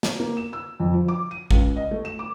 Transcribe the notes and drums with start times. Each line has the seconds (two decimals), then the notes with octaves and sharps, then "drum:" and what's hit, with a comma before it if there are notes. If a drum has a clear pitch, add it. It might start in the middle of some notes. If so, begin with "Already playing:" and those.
0.03 drum: snare
0.20 A#3
0.37 E7
0.53 E6
0.80 F2
0.94 F3
1.08 D6
1.31 D#7
1.51 C#2, drum: kick A1
1.76 D#5
1.91 A3
2.05 E7
2.19 D6